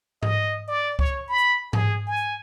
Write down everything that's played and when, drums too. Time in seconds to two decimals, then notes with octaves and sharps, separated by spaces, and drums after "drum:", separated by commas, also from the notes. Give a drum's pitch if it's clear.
0.23 D#5, drum: tom G#2
0.68 D5
0.99 C#5, drum: kick C#2
1.28 B5
1.73 G#4, drum: tom G#2
2.07 G#5